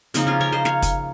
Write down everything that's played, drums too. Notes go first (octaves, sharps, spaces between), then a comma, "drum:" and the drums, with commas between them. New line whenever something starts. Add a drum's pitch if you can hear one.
C#3 F3 A#3 C4 D#4, drum: hi-hat
C#4 F4
A#4 C#5
C5 D#5
C#5 F5, drum: snare
drum: kick, hi-hat